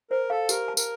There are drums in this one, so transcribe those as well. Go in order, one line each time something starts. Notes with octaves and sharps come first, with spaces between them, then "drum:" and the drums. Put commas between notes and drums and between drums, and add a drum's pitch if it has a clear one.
A#4 C5
A4 F5
G4 A#4, drum: tambourine
A5
A#4, drum: tambourine